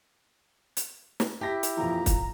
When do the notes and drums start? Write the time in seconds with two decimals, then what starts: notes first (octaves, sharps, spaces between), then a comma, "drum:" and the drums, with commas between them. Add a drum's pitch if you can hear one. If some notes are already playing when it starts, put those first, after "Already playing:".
0.77 drum: hi-hat
1.20 drum: snare
1.41 E4 G4 A5 A#6 B6
1.63 drum: hi-hat
1.77 F2 A#2 E3 A#5
2.06 drum: kick, hi-hat